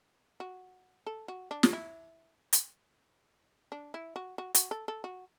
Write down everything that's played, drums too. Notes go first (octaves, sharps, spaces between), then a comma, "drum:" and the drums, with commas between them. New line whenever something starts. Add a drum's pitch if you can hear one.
F#4
A4
F#4
D4
drum: snare
E4
drum: hi-hat
D4
E4
F#4
F#4
F#4, drum: hi-hat
A4
A4
F#4